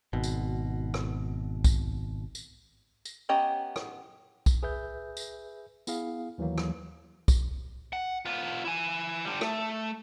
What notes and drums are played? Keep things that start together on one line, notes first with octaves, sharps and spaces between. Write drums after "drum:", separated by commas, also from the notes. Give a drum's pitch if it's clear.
G#1 B2
drum: tambourine
drum: rim click
drum: kick B1, tambourine
drum: tambourine
drum: tambourine
B3 C#4 G4 D#5 A#5
drum: rim click
drum: kick B1, tambourine
G#4 B4 E5 G6
drum: tambourine
B3 E4 G#4 F5, drum: tambourine
D#2 E3 F#3 A#3
drum: rim click
drum: kick B1, tambourine
F#5
B3 F4
E4 G#5
D3 G3
A3, drum: rim click